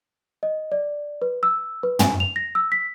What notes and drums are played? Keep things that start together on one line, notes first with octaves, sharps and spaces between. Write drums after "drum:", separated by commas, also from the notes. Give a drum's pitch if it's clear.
D#5
D5
B4
E6
B4
G#5, drum: tom
F7
A#6
E6
B6